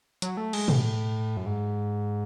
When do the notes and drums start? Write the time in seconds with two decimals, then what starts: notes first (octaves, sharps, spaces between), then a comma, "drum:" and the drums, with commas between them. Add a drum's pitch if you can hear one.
0.22 F#3, drum: hi-hat
0.37 A3
0.53 G#3, drum: cymbal
0.68 A2, drum: tom
1.37 F#2
1.46 G#2